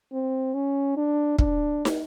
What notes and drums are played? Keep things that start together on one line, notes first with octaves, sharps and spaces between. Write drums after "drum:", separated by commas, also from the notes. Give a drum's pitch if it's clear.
C4
C#4
D4
D4, drum: kick
drum: snare